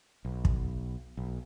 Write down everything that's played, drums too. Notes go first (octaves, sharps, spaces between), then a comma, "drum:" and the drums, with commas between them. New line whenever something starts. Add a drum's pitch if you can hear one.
B1
drum: kick
B1